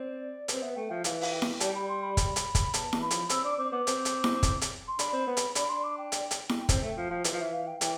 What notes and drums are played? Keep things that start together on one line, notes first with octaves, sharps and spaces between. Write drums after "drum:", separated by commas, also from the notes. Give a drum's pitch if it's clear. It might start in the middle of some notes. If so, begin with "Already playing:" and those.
Already playing: C4 D5
B4, drum: hi-hat
C4
B3 E5
A3 G5
F3 E5
E3 F5, drum: hi-hat
F5, drum: open hi-hat
G5
drum: snare E4
G3 A5, drum: hi-hat
B5
C6
B5
drum: kick, hi-hat
drum: hi-hat
drum: kick, hi-hat
B3 A5, drum: hi-hat
E3, drum: snare E4
B5
F3, drum: hi-hat
C4 E6, drum: hi-hat
D4 D6
C4 D6
B3 D6
C4, drum: hi-hat
drum: hi-hat
drum: snare E4
drum: kick, hi-hat
drum: hi-hat
C6
D4 B5, drum: hi-hat
C4
B3
drum: hi-hat
D4 B5, drum: hi-hat
C6
D6
G5
drum: hi-hat
drum: hi-hat
drum: snare E4
C4, drum: kick, hi-hat
A3
F3
F3
E3 E5, drum: hi-hat
F3
E3 E5
F5
G5
E3 G5, drum: hi-hat